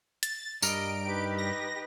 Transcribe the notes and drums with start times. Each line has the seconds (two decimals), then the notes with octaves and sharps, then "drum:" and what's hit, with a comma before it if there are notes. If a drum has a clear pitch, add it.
0.23 A6, drum: hi-hat
0.62 G2 G3 A#4 D#5 D7, drum: tambourine
1.04 D#4 G4 B4
1.38 A#6